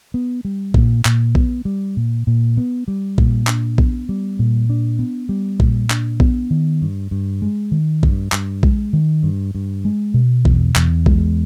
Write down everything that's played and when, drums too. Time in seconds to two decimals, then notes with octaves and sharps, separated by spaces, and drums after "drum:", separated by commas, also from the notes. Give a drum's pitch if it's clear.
0.14 B3
0.45 G3
0.74 A#2, drum: kick A#1
1.05 A#2, drum: clap
1.35 B3, drum: kick A#1
1.65 G3
1.97 A#2
2.27 A#2
2.57 B3
2.88 G3
3.18 A#2, drum: kick A#1
3.47 D4, drum: clap
3.78 B3, drum: kick A#1
4.09 G3
4.39 A#2
4.70 D4
4.99 B3
5.29 G3
5.60 A#2, drum: kick A#1
5.90 D4, drum: clap
6.20 B3, drum: kick A#1
6.51 D#3
6.82 G2
7.11 G2
7.42 G#3
7.72 D#3
8.03 G2, drum: kick A#1
8.32 G2, drum: clap
8.63 G#3, drum: kick A#1
8.93 D#3
9.23 G2
9.55 G2
9.85 G#3
10.14 B2
10.45 E2, drum: kick A#1
10.76 E2, drum: clap
11.06 G#3, drum: kick A#1